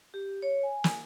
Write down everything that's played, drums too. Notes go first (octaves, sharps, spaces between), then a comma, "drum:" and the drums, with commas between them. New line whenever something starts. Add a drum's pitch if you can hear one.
G4
C#5
G#5
drum: snare